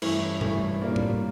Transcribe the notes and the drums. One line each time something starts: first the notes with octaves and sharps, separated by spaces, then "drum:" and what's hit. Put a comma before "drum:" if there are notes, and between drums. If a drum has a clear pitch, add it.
G2 E3 A3 C#4 E4, drum: cymbal
G2 E3 A3 C#4 E4, drum: tom A#2
G3 A#3 D4 F4
drum: tom A2